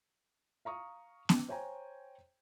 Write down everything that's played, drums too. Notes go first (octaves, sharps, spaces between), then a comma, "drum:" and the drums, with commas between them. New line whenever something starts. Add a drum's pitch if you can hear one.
F5 A#5 C#6 D#6
drum: snare B3
C5 C#5 G5 G#5 A#5